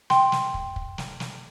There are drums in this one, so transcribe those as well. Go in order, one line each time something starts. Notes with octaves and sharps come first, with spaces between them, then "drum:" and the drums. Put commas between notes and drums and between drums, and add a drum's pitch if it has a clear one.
G5 C6, drum: snare
drum: snare
drum: kick
drum: kick
drum: snare
drum: snare